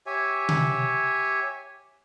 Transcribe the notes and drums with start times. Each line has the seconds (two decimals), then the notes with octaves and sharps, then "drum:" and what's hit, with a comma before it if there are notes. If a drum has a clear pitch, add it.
0.06 G4 C#5 E5 G#5
0.49 drum: tom C3